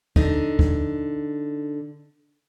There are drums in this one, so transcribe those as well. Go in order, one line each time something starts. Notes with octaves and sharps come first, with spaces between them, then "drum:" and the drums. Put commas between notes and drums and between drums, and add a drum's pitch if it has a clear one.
D3 D#4, drum: kick
drum: kick